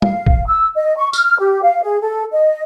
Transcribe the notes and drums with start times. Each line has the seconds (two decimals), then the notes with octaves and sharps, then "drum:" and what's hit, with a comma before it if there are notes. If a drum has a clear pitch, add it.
0.02 F5, drum: tom G3
0.26 drum: kick A#1
0.47 E6
0.76 D#5
0.97 C#6
1.13 F6, drum: tambourine
1.39 G4
1.63 F5
1.83 G#4
2.01 A4
2.32 D#5